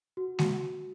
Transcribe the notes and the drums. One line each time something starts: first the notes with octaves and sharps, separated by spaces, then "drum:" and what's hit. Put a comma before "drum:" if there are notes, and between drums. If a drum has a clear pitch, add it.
F#4
F#4, drum: snare G#3